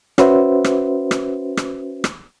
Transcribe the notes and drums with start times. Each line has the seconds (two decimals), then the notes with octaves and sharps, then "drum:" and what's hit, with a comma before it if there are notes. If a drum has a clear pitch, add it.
0.18 C#4 F#4 B4 C5 E5, drum: rim click
0.64 drum: rim click
1.11 drum: rim click
1.57 drum: rim click
2.04 drum: rim click